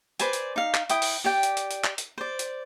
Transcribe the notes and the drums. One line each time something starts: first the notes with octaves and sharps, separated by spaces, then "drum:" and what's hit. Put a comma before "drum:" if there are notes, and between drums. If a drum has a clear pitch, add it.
B4 C5 D5 G#5, drum: hi-hat
drum: hi-hat
D#4 F5
drum: clap
E4 G5 D#6, drum: hi-hat
drum: open hi-hat
G4 D5 G5
drum: hi-hat
drum: hi-hat
drum: hi-hat
drum: clap
drum: hi-hat
C5 D5
drum: hi-hat